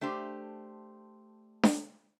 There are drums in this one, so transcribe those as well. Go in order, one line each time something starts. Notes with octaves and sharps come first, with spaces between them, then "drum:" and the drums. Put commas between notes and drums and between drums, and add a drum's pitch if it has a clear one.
A3 D4 G4 C5
drum: snare D4